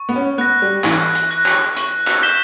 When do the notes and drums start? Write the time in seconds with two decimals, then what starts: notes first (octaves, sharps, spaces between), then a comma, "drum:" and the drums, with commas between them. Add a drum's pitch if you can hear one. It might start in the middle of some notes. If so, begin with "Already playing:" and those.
Already playing: C#6
0.09 B3
0.16 C#4
0.38 B3 F#6 A#6
0.62 G3
0.84 E3 C#6, drum: clap
1.15 drum: hi-hat
1.31 F#6 A#6
1.46 drum: clap
1.76 C#6, drum: hi-hat
2.07 drum: clap
2.23 G6 B6 E7 G7